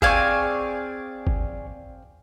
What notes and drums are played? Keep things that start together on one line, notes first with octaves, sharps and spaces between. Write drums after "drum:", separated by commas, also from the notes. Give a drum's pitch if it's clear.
C4 G#4 D5 F5 G#5 C#6, drum: kick G1
drum: kick G1